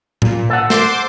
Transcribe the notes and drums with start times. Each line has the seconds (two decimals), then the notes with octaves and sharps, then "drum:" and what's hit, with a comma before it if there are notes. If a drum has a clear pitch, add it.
0.22 A#2, drum: tom A2
0.50 A4 F#5
0.70 C5 C6 D6, drum: snare